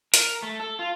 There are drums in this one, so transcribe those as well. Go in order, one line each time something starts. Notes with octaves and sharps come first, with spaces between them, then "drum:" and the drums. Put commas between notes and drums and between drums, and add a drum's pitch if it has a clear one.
A#4, drum: hi-hat
A3
A4
F4